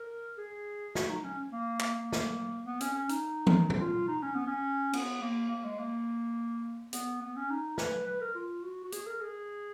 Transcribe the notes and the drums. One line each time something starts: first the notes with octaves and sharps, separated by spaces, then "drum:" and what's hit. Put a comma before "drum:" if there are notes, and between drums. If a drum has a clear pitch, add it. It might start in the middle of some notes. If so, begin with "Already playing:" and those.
Already playing: A#4
G#4
F#4, drum: snare
D#4
C#4
A#3
A#3, drum: clap
A#3
drum: snare
B3
C#4, drum: hi-hat
C#4
D#4, drum: hi-hat
drum: tom E3
drum: tom
F4
D#4
C#4
B3
C#4
B3, drum: cymbal
A#3
A#3
G#3
A#3
B3, drum: hi-hat
B3
C#4
D#4
B4, drum: snare
B4
A#4
F4
F#4
F#4
G#4, drum: hi-hat
A#4
G#4